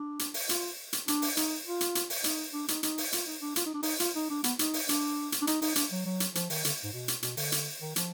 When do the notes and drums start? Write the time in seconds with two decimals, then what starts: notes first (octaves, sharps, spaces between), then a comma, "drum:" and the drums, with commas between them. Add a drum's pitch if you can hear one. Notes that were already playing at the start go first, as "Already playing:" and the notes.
Already playing: D4
0.19 drum: hi-hat
0.34 drum: open hi-hat
0.49 F4, drum: hi-hat
0.93 drum: hi-hat
1.08 D4, drum: hi-hat
1.22 drum: open hi-hat
1.37 D#4, drum: hi-hat
1.65 F4
1.81 drum: hi-hat
1.95 drum: hi-hat
2.10 drum: open hi-hat
2.24 D#4, drum: hi-hat
2.53 D4
2.68 D#4, drum: hi-hat
2.83 D#4, drum: hi-hat
2.98 drum: open hi-hat
3.13 F4, drum: hi-hat
3.27 D#4
3.42 D4
3.56 F4, drum: hi-hat
3.66 D#4
3.74 D4
3.83 D#4, drum: open hi-hat
4.00 F4, drum: hi-hat
4.15 D#4
4.30 D4
4.44 B3, drum: hi-hat
4.59 D#4, drum: hi-hat
4.74 drum: open hi-hat
4.89 D4, drum: hi-hat
5.32 drum: hi-hat
5.42 D4
5.47 D#4, drum: hi-hat
5.62 D#4, drum: open hi-hat
5.76 D4, drum: hi-hat
5.91 F#3
6.06 F#3
6.20 drum: hi-hat
6.35 F3, drum: hi-hat
6.50 D#3, drum: open hi-hat
6.65 D3, drum: hi-hat
6.84 G#2
6.93 B2
7.08 drum: hi-hat
7.23 B2, drum: hi-hat
7.37 D3, drum: open hi-hat
7.52 drum: hi-hat
7.82 D#3
7.96 F3, drum: hi-hat